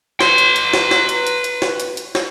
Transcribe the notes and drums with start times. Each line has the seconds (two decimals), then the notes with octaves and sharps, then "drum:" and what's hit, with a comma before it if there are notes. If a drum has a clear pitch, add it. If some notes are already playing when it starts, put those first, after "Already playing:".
0.20 B4 C6, drum: snare
0.38 drum: hi-hat
0.56 drum: hi-hat
0.73 drum: snare
0.91 drum: snare
1.09 drum: hi-hat
1.27 drum: hi-hat
1.44 drum: hi-hat
1.62 drum: snare
1.80 drum: hi-hat
1.97 drum: hi-hat
2.15 drum: snare